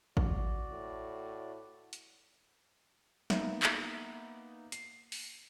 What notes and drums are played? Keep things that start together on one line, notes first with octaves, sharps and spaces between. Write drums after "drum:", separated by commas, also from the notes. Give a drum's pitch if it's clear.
F#4 D5, drum: kick A1
A2
drum: hi-hat
A#3 B3 D#4 E5, drum: snare
drum: clap
C7, drum: hi-hat
drum: open hi-hat